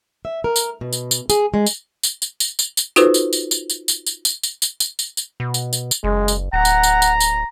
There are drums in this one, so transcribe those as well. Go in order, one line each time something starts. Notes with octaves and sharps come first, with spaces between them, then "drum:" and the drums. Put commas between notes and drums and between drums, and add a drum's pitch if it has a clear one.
E5
A#4
drum: tambourine
B2
drum: tambourine
drum: tambourine
G#4, drum: tambourine
G#3
drum: tambourine
drum: tambourine
drum: tambourine
drum: tambourine
drum: tambourine
drum: tambourine
D#4 F4 F#4 A4 B4 C5, drum: tambourine
drum: tambourine
drum: tambourine
drum: tambourine
drum: tambourine
drum: tambourine
drum: tambourine
drum: tambourine
drum: tambourine
drum: tambourine
drum: tambourine
drum: tambourine
drum: tambourine
B2
drum: tambourine
drum: tambourine
drum: tambourine
F#1 G#3
drum: tambourine
D1 F#5 A#5
drum: tambourine
drum: tambourine
drum: tambourine
drum: tambourine